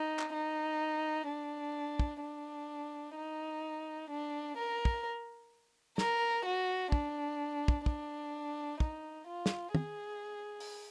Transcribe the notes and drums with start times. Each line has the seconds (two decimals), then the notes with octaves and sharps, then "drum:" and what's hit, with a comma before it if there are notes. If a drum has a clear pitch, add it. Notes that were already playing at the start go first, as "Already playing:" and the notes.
Already playing: D#4
0.19 drum: clap
0.34 D#4
1.28 D4
1.99 drum: kick
2.22 D4
3.16 D#4
4.10 D4
4.57 A#4
4.85 drum: kick
5.98 A#4, drum: snare
6.45 F#4
6.92 D4, drum: kick
7.68 drum: kick
7.86 D4, drum: kick
8.80 D#4, drum: kick
9.27 F4
9.46 drum: snare
9.75 G#4, drum: tom
10.60 drum: open hi-hat